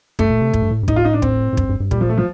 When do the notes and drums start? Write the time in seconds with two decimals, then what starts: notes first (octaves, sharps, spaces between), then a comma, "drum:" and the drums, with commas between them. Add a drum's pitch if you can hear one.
0.19 G2 A3, drum: kick
0.31 A#2
0.42 C3
0.54 A2, drum: kick
0.62 G2
0.71 A2
0.83 G2
0.88 A2 D#4, drum: kick
0.96 F4
1.05 D#4
1.13 D4
1.22 C4, drum: kick
1.53 A2
1.57 G2, drum: kick
1.69 G2
1.80 G2
1.91 A#2 G3, drum: kick
2.01 F3
2.09 A3
2.17 F3